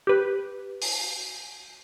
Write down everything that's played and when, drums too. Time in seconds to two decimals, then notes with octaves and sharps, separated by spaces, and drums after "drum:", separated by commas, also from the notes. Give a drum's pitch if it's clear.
0.07 G4 B4
0.82 drum: open hi-hat